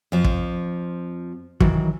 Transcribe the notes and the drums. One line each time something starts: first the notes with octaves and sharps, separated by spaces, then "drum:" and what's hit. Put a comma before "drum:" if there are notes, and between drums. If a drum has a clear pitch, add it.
F2 F3
drum: kick
D#3 E3 F#3, drum: kick